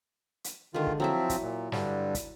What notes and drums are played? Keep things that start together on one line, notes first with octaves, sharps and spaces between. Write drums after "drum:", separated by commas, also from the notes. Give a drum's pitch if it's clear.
drum: hi-hat
D3 D#3 G#3 F4
drum: kick
F3 F#3 C4 E4 E5
drum: kick, hi-hat
A#2
G2 D3 G3, drum: snare
drum: kick, hi-hat